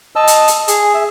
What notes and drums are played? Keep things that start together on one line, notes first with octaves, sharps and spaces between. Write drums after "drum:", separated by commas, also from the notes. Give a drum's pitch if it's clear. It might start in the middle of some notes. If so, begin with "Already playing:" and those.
D#5 A5 E6
drum: hi-hat
drum: hi-hat
G#4, drum: hi-hat
E5